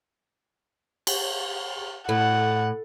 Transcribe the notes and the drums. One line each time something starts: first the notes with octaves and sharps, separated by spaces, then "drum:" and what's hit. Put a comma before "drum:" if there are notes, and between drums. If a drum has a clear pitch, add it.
drum: cymbal
A2 F#5